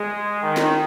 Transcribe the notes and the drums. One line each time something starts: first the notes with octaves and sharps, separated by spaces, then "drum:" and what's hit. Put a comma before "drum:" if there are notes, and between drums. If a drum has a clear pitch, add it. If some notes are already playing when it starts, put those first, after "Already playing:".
Already playing: G#3
D#3
drum: snare